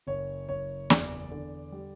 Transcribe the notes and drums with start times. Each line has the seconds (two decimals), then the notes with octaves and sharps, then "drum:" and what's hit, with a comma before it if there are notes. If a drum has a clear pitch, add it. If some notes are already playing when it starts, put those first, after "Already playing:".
0.07 F#1 C#5
0.48 F#1 C#5
0.90 E2 D5, drum: snare
1.31 D3
1.72 G3